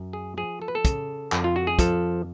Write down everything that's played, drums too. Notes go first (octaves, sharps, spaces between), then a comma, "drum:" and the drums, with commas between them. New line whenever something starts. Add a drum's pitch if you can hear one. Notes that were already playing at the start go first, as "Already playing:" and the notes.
Already playing: F#2
G#4
F3 G#4
A4
B4
A4
C#3, drum: kick, hi-hat
F2, drum: clap
F4
F#4
G#4
F3 A4, drum: kick, hi-hat